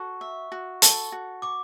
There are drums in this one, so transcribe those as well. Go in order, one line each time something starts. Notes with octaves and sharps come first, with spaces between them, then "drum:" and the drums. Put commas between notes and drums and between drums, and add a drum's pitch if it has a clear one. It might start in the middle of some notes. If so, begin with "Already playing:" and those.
Already playing: F#4 A4 C#6
E5
F#4
A4, drum: hi-hat
F#4
C#6 D6